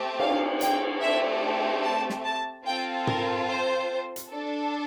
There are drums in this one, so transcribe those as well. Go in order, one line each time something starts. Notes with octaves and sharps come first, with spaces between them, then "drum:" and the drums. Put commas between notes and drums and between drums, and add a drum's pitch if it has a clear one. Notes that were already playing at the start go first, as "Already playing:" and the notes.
Already playing: A3 C4 G4
F5, drum: cymbal
G5, drum: hi-hat
A3 C4 G4 E5
A5
drum: snare
A5
C4 F4 A4 G5
A#4, drum: tom
C5
drum: hi-hat
D4 A4